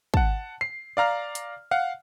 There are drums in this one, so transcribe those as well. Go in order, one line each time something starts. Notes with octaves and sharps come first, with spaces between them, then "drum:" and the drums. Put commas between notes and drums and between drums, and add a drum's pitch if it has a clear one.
F#5 A5, drum: kick
C7
D5 F5 A#5 F6
drum: hi-hat
F5 F#5